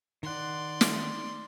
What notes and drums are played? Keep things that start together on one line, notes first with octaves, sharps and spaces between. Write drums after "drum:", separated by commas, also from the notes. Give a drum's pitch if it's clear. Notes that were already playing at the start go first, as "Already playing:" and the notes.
D#3 D5 F#5 C6
drum: snare